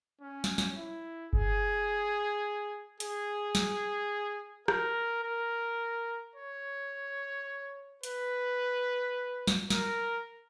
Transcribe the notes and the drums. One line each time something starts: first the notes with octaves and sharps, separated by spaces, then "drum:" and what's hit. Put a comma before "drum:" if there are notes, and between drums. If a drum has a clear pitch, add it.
C#4
drum: snare
drum: snare
E4
G#4, drum: kick F#1
G#4, drum: hi-hat
drum: snare
A#4, drum: rim click
A#4
C#5
B4, drum: hi-hat
drum: snare
A#4, drum: snare